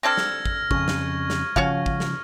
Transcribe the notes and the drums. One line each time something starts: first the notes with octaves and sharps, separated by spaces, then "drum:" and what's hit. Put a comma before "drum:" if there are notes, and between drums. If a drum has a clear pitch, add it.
C4 D4 A4 F6 G#6 A#6
drum: snare
drum: kick
F2 C#3 C#6, drum: kick
drum: snare
drum: snare
C#3 F3 C#4 F#4 F5, drum: kick
drum: kick
drum: snare